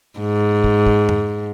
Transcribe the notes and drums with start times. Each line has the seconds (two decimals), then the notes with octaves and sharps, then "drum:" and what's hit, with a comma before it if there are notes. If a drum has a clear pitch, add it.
0.19 G#2
0.64 drum: kick
0.86 drum: kick
1.09 drum: tom F2